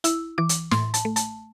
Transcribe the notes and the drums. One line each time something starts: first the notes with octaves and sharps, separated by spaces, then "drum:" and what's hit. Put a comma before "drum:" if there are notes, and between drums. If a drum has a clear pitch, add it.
E4 E6, drum: hi-hat
E3 D6
drum: hi-hat
A2 C6, drum: snare
A5, drum: hi-hat
A3
A5, drum: hi-hat